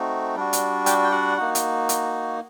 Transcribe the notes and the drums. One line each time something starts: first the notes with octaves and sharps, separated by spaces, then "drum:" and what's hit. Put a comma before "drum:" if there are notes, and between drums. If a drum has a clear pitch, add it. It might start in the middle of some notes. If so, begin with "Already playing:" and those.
Already playing: A3 C4 D#4 F#4
G3 D4 F#4
drum: hi-hat
G4 G5, drum: hi-hat
G5
F#4 F#5
A#3 D#4 F#4
drum: hi-hat
drum: hi-hat